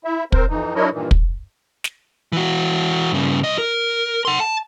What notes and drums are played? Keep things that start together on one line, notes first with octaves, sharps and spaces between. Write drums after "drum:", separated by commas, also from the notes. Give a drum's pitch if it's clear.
E4 E5
C4 A#4 C5, drum: kick
F2 E3 D#4
F#3 D4 E4 A#4 C#5 D#5
G2 A#2 D#3 E3
drum: kick
drum: snare
E3 F#4
G2 C#3
C2 D#5
A#4
F#5 C6
A5